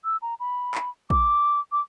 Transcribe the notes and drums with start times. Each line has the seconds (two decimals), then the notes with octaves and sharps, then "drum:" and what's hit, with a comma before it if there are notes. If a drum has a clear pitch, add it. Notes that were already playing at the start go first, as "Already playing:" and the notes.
0.04 E6
0.22 A#5
0.40 B5
0.75 drum: clap
1.10 D6, drum: kick
1.72 D6